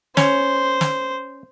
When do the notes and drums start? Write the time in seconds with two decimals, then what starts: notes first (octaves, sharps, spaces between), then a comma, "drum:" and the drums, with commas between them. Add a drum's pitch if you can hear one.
0.17 C#4 C5, drum: snare
0.81 drum: snare